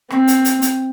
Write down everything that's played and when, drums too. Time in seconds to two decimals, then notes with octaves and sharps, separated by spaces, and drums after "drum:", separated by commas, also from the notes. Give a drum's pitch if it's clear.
0.10 C4, drum: rim click
0.28 drum: hi-hat
0.45 drum: hi-hat
0.62 drum: hi-hat